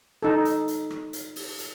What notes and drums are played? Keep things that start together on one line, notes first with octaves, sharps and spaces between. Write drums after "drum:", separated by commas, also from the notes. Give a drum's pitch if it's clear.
D#4 A4
drum: hi-hat
drum: hi-hat
drum: rim click
drum: hi-hat
drum: open hi-hat
drum: hi-hat